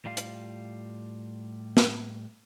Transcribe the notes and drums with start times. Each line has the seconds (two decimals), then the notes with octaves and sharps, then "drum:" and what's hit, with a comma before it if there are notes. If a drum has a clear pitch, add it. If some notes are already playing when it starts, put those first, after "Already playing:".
0.05 A2 G3 F4 F5
0.17 drum: hi-hat
1.77 drum: snare